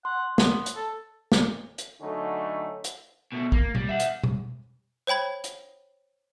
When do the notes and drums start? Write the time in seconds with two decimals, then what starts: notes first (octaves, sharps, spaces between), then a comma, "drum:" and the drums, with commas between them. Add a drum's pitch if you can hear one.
0.05 F#5 C6
0.38 B3, drum: snare
0.66 drum: hi-hat
0.76 A4
1.32 drum: snare
1.78 drum: hi-hat
2.01 D3 F#3 A3 C#4 D#4
2.84 drum: hi-hat
3.32 B2 A3
3.52 A#3, drum: kick
3.75 G3, drum: tom B2
3.89 E5 F#5
4.00 drum: hi-hat
4.24 drum: tom B2
5.07 C5 C#5 G5 B5 G#6
5.44 drum: hi-hat